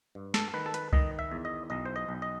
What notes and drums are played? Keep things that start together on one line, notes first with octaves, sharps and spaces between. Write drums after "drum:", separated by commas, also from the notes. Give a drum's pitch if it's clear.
G2
A4, drum: snare
D#3 B4
A4
B4, drum: hi-hat
D#3 D#5, drum: kick C2
E5
E2
D#5
B1 D#5
C5
D#5
B1
D#5